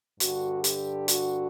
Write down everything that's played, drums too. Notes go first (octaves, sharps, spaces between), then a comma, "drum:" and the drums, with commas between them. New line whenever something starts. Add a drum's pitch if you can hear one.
G2 D3 F#4, drum: hi-hat
G4, drum: hi-hat
F#4, drum: hi-hat